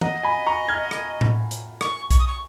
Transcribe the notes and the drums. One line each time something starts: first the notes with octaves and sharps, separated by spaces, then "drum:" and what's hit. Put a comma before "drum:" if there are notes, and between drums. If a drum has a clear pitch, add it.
D#5 F#5 A#5, drum: tom D#3
G#5 B5
A#5 C#6
F6 G#6
drum: rim click
drum: tom A2
drum: hi-hat
C#6, drum: rim click
C#6, drum: kick B1, hi-hat
D#6
C#6